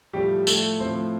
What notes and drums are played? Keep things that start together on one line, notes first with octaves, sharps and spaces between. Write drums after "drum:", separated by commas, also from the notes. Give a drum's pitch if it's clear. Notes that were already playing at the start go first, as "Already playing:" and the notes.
A2 F3 G3 A3 G4
A3 A4, drum: tambourine
A2 F3 A3 C4 C5